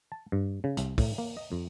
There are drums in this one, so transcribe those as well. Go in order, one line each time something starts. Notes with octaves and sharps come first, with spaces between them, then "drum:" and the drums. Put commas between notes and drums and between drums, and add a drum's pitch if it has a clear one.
A5
G2
C#3
C2, drum: hi-hat
A2, drum: kick, open hi-hat
A#3
D#5
F2